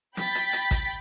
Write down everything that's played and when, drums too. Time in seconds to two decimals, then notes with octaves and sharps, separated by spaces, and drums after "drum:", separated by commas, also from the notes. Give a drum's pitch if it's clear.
0.17 G5 B5 A6 B6, drum: snare
0.35 drum: hi-hat
0.53 drum: hi-hat
0.71 drum: kick A1, hi-hat